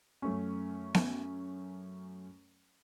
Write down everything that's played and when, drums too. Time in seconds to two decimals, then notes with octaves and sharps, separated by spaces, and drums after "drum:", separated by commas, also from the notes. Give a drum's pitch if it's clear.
0.22 F#2 A3 C#4
0.94 drum: snare B3